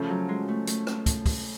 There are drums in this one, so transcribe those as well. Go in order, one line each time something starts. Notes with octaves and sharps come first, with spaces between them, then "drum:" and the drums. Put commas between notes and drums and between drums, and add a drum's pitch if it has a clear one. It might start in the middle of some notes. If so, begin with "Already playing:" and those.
Already playing: C#3 F3 A3 C#4
F#3
G#3
A3
A3, drum: hi-hat
drum: rim click
drum: kick, hi-hat
drum: kick, open hi-hat